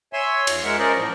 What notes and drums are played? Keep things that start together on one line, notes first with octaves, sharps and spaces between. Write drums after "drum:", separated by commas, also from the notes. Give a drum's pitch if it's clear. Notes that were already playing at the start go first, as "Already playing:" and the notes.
C#5 E5 G#5 C6 E6
E2, drum: cymbal
G#3 A#4 E5 F#5
C#4 A#4 C5 D5 D#5
A2 F3